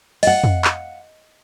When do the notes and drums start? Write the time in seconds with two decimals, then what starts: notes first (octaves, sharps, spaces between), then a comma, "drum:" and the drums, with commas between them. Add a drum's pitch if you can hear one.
0.23 D#5 F5 F#5, drum: open hi-hat
0.44 drum: tom F2
0.64 drum: clap